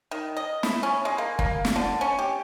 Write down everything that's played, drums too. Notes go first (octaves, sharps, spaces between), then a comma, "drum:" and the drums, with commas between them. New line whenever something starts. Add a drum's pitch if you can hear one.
D#3
D#5
E4, drum: snare
C#4
G#3
A#3
A#3, drum: kick
drum: snare
D3
C#4
G4